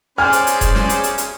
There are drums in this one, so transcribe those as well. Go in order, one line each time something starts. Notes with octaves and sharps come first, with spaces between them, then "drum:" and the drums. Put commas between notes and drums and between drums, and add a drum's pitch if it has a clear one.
C#4 G#4 C5 D5 G#5 F6
drum: hi-hat
drum: hi-hat
drum: kick E1, hi-hat
drum: snare
drum: hi-hat
drum: hi-hat
drum: hi-hat